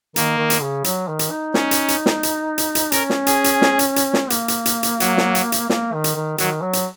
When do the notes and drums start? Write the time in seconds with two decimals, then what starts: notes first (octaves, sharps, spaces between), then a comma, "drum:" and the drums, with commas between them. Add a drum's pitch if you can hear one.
0.16 D#3 A#3, drum: hi-hat
0.38 D#3
0.50 drum: hi-hat
0.61 C#3
0.84 F#3, drum: hi-hat
1.08 D#3
1.19 drum: hi-hat
1.31 D#4
1.54 C#4, drum: snare
1.71 drum: hi-hat
1.88 drum: hi-hat
2.06 drum: snare
2.23 drum: hi-hat
2.58 drum: hi-hat
2.75 drum: hi-hat
2.92 C#4 A#4, drum: hi-hat
3.10 drum: snare
3.27 G#4, drum: hi-hat
3.44 drum: hi-hat
3.62 drum: snare
3.79 drum: hi-hat
3.96 drum: hi-hat
4.14 drum: snare
4.30 A#3, drum: hi-hat
4.48 drum: hi-hat
4.65 drum: hi-hat
4.83 drum: hi-hat
5.00 F#3, drum: hi-hat
5.17 drum: snare
5.35 drum: hi-hat
5.52 drum: hi-hat
5.69 A#3, drum: snare
5.93 D#3
6.04 drum: hi-hat
6.15 D#3
6.38 D#3 F#3, drum: hi-hat
6.62 F#3
6.73 drum: hi-hat